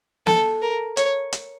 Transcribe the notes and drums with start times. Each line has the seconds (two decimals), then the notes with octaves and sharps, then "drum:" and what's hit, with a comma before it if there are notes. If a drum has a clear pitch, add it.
0.27 A4, drum: snare
0.62 A#4
0.97 C#5, drum: hi-hat
1.33 drum: hi-hat